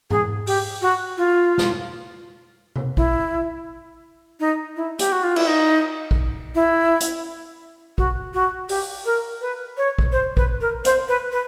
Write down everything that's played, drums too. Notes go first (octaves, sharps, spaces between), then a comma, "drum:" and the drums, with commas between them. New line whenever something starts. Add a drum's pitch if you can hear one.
G#4, drum: tom G#2
G4, drum: open hi-hat
F#4
F4
drum: snare
drum: tom C3
E4, drum: kick A#1
D#4
E4
G4, drum: hi-hat
F#4
F4
E4, drum: cymbal
D#4
drum: kick A#1
E4
drum: hi-hat
F#4, drum: kick A#1
F#4
G4, drum: open hi-hat
A#4
B4
C#5
drum: kick A#1
C5
B4, drum: kick A#1
A#4
C5, drum: hi-hat
B4
B4